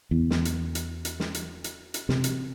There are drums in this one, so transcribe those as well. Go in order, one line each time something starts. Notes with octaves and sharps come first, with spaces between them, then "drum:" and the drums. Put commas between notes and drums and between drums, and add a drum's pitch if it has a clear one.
E2
drum: snare
drum: hi-hat
drum: hi-hat
drum: hi-hat
drum: snare
drum: hi-hat
drum: hi-hat
drum: hi-hat
C3, drum: snare
drum: hi-hat